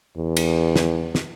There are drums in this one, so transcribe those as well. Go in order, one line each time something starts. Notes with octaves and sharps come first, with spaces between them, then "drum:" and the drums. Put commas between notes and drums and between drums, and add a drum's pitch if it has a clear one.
E2
drum: cymbal
drum: snare
drum: snare